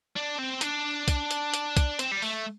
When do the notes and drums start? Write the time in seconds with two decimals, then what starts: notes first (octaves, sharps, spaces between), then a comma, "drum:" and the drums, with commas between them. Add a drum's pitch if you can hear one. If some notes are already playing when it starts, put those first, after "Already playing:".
0.16 D4
0.39 C4
0.61 D4, drum: hi-hat
1.08 drum: kick, hi-hat
1.31 drum: hi-hat
1.54 drum: hi-hat
1.77 drum: kick, hi-hat
1.99 C4, drum: hi-hat
2.12 G3
2.22 A3, drum: open hi-hat